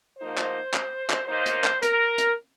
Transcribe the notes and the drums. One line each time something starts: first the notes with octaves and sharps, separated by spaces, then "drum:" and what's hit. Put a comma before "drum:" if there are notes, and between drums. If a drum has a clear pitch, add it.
G#2 F3 A#3 D#4 C5
drum: clap
drum: clap
drum: clap
D#2 D#3 A#3 D#4 C5
drum: hi-hat
drum: clap
A#4, drum: hi-hat
drum: hi-hat